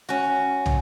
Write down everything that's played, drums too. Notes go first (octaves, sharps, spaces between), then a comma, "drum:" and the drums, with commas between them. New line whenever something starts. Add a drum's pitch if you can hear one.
C#4 F#4
drum: tom